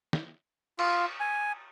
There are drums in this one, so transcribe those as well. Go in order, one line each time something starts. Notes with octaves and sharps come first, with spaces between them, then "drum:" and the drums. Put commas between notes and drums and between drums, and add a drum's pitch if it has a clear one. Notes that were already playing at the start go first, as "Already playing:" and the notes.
drum: snare
F4, drum: cymbal
G#5